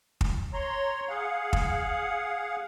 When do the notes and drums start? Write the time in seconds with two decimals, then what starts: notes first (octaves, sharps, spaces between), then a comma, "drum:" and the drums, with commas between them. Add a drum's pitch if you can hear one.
0.21 drum: kick
0.53 C#5 A#5 C6
1.09 G#4 F5 F#5
1.53 drum: kick